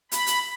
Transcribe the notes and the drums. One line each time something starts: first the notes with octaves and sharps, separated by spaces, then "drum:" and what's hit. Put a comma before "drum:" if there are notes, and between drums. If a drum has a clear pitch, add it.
B5, drum: hi-hat
drum: hi-hat